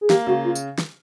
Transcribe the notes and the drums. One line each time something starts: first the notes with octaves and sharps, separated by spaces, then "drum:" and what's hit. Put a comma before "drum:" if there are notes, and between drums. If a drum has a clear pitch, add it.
G#4
A#3 G4, drum: snare
C#3 F#4
F4
drum: tambourine
drum: snare